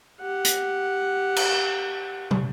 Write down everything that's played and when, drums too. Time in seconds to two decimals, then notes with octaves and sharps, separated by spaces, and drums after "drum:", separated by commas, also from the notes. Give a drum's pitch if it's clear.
0.20 G4 F#5
0.45 drum: hi-hat
1.36 drum: cymbal
2.31 drum: tom